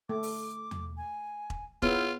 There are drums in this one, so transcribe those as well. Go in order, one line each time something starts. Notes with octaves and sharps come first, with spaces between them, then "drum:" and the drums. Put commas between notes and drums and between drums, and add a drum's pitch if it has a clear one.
A3 D6
drum: open hi-hat
drum: tom E2
G#5
drum: kick E1
B3 E4 F4 G#4 C#5 F6, drum: kick E1